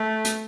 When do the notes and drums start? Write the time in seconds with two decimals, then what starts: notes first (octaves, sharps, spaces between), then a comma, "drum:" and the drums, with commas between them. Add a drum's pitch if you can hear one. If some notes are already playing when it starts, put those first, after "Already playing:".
Already playing: A3
0.25 drum: hi-hat